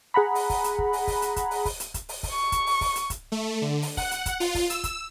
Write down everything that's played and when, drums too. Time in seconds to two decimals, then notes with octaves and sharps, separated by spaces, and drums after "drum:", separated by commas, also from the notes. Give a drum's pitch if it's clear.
0.14 G#4 F#5 A#5 B5
0.35 drum: open hi-hat
0.50 drum: kick, open hi-hat
0.64 drum: hi-hat
0.79 drum: kick
0.93 drum: open hi-hat
1.07 drum: kick, open hi-hat
1.22 drum: hi-hat
1.36 drum: kick, hi-hat
1.51 drum: open hi-hat
1.65 drum: kick, open hi-hat
1.80 drum: hi-hat
1.94 drum: kick, hi-hat
2.09 drum: open hi-hat
2.23 drum: kick, open hi-hat
2.32 C#6
2.52 drum: kick, hi-hat
2.67 drum: open hi-hat
2.81 drum: kick, open hi-hat
2.96 drum: hi-hat
3.10 drum: kick, hi-hat
3.32 A3
3.62 D3
3.82 drum: open hi-hat
3.97 F#5, drum: kick, open hi-hat
4.11 drum: hi-hat
4.26 drum: kick, hi-hat
4.40 F4, drum: open hi-hat
4.55 drum: kick, open hi-hat
4.70 E6, drum: hi-hat
4.84 drum: kick, hi-hat